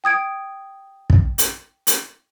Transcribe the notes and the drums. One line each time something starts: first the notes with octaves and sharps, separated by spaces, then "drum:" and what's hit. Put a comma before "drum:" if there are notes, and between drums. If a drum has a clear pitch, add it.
G5 D#6 G#6 D7
drum: kick
drum: hi-hat
drum: hi-hat